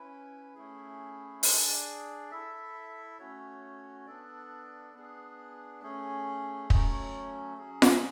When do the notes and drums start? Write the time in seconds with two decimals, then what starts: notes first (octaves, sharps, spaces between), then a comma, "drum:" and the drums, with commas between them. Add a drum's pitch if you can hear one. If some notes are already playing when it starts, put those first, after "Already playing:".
Already playing: C#4 E4 B4
0.55 A3 C#4 E4 G#4
1.43 D4 G#4 D5, drum: open hi-hat
2.31 E4 A4 E5
3.19 A3 C#4 F#4 C#5
4.06 B3 D4 A4 D5
4.94 B3 D4 G#4
5.82 A3 C#4 G#4
6.70 F#3 A3 C#4, drum: kick
7.58 F#3 C#4 G#4
7.82 drum: snare F4